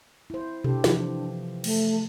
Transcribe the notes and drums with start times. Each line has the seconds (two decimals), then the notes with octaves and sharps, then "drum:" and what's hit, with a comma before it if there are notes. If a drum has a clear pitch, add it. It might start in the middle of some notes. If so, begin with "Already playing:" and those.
0.30 E4 C5
0.64 D4 G4 A4, drum: tom B2
0.84 C3 E3 F3, drum: snare
1.64 A3, drum: cymbal